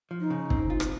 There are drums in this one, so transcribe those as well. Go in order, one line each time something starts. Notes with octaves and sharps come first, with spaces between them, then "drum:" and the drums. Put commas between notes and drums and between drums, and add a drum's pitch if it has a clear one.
F3
D#4
C#3
C4, drum: kick
F4
drum: rim click